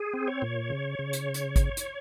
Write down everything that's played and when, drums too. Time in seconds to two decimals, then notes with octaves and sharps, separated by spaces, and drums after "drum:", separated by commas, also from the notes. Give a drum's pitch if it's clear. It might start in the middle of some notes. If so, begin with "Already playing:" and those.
Already playing: G#4
0.13 C4
0.28 C#5
0.42 A#2
0.70 C#3
0.99 C#3
1.13 drum: hi-hat
1.34 drum: hi-hat
1.56 drum: kick G#1, hi-hat
1.77 drum: hi-hat